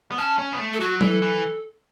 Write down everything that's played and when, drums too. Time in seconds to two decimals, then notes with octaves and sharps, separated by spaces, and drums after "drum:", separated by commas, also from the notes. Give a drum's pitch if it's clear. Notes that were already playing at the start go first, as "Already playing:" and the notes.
0.12 B3
0.18 C#4 A5
0.39 C#4
0.53 B3
0.59 A3
0.73 A4
0.80 F#3 F#4
1.01 E3 A4, drum: tom F#3
1.22 E3